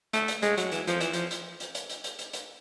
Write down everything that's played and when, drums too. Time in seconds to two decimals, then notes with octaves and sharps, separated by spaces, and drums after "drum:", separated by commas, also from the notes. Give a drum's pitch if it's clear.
0.13 A3, drum: hi-hat
0.28 drum: hi-hat
0.42 G#3, drum: hi-hat
0.58 F#3, drum: hi-hat
0.72 E3, drum: hi-hat
0.87 F3, drum: hi-hat
1.00 E3, drum: hi-hat
1.13 F3, drum: hi-hat
1.31 drum: hi-hat
1.60 drum: hi-hat
1.75 drum: hi-hat
1.89 drum: hi-hat
2.04 drum: hi-hat
2.19 drum: hi-hat
2.33 drum: hi-hat